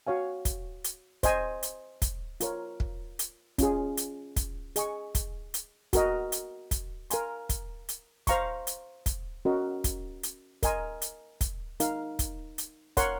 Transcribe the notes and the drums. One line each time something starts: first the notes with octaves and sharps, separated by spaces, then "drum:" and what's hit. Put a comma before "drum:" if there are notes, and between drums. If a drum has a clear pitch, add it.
F#4 C#5 F5 G#5
drum: kick, hi-hat
drum: hi-hat
C5 D#5 G#5, drum: kick, hi-hat
drum: hi-hat
drum: kick, hi-hat
F4 A#4 C#5, drum: hi-hat
drum: kick
drum: hi-hat
C#4 F4 G#4, drum: kick, hi-hat
drum: hi-hat
drum: kick, hi-hat
G#4 D#5 G#5 C#6, drum: hi-hat
drum: kick, hi-hat
drum: hi-hat
F#4 A#4 D#5, drum: kick, hi-hat
drum: hi-hat
drum: kick, hi-hat
A#4 F5 G#5 C6, drum: hi-hat
drum: kick, hi-hat
drum: hi-hat
C5 F5 A#5 C#6, drum: kick, hi-hat
drum: hi-hat
drum: kick, hi-hat
C#4 F#4 A#4 D#5
drum: kick, hi-hat
drum: hi-hat
A#4 D#5 G#5 C6, drum: kick, hi-hat
drum: hi-hat
drum: kick, hi-hat
D#4 A#4 F5, drum: hi-hat
drum: kick, hi-hat
drum: hi-hat
A#4 C#5 F#5 C6, drum: kick, hi-hat